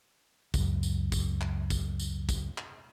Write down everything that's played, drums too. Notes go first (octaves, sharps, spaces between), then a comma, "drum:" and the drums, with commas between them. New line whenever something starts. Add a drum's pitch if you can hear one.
C#2 F#2, drum: kick, tambourine
drum: tambourine
drum: kick, tambourine
drum: clap
drum: kick, tambourine
drum: tambourine
drum: kick, tambourine
drum: clap